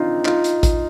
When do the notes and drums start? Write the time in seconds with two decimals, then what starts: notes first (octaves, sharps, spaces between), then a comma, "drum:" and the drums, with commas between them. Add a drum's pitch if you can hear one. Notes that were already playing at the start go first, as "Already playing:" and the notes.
Already playing: C4 D4 D#4 F4
0.25 D#4 F4, drum: clap
0.44 drum: hi-hat
0.63 drum: kick A1, hi-hat